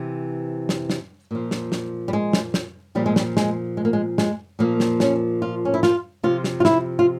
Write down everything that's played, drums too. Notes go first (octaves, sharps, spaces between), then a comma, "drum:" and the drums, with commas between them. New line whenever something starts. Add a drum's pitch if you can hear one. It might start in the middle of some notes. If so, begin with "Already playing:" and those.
Already playing: C3 E3
drum: snare
drum: snare
A#2 F3
drum: snare
drum: snare
G3
G#3
drum: snare
drum: snare
A#2 F3 G3
G#3
G3, drum: snare
G#3, drum: snare
G#3
A#3
G#3
G#3, drum: snare
A#2 F3 A#3
drum: snare
C#4, drum: snare
F4
C#4
E4
F4, drum: snare
C3 F3 F4
drum: snare
F4
E4, drum: snare
F4